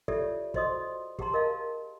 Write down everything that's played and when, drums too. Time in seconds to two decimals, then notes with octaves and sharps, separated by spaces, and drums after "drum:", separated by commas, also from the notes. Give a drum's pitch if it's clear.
0.08 F4 G4 A4 C#5 D5 E5, drum: kick
0.54 F#4 C5 D#5 C6 D#6, drum: kick
1.19 G4 G#4 F#5 A5 A#5 C6, drum: kick
1.34 A#4 D#5 F5 A5